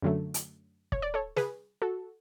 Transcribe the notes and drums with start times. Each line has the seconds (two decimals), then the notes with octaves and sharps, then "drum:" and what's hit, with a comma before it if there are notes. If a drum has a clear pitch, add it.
0.02 F#2 D3 F#3 A3
0.34 drum: hi-hat
0.92 C#5, drum: kick
1.02 D5
1.14 A4 C#5
1.36 G#4 B4, drum: snare
1.82 F#4 A4